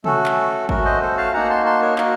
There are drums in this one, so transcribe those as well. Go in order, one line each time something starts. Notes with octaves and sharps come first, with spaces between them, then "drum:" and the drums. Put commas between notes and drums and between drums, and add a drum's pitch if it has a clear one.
A3 C#4 F#4 A4, drum: tom
drum: clap
A3 C#4 F#4 A#4, drum: kick G#1
C5 D#5
A4 C5
F5 A5
A#3 D#4 F#4 F#5 A#5
A5 C6
A5 C6
A#4 C#5
A#3 D#4 F#4 A#4, drum: clap